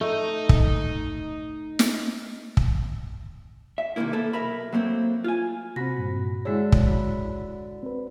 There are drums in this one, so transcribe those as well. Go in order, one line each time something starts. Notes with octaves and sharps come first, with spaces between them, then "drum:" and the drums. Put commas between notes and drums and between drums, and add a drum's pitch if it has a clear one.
A3 D#4 D#5
drum: kick
drum: snare
drum: kick
E5
C3 D#3 E3 G3 A#3 E4
C2 C3 A#3 A4 B4
B1 A#4 E5 B5
F#3 A3 A#3 C4
F4 G#5
C3 C4 F#4 B5 A#6
G2 A#2
D3 G#3 E4 G#4 C#5 E5
drum: kick
F#4 B5
C4 B4